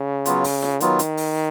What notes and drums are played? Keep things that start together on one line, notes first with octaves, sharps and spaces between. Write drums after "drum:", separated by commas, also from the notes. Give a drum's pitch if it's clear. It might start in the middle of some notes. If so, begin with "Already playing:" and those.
Already playing: C#3
F#3 B3 F4, drum: hi-hat
drum: open hi-hat
drum: snare F4
D#3 F#3 B3 F4, drum: hi-hat
drum: hi-hat
drum: open hi-hat